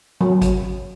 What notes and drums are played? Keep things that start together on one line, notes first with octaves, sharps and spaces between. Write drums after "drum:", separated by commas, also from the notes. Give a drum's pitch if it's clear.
F#3
drum: kick G#1, hi-hat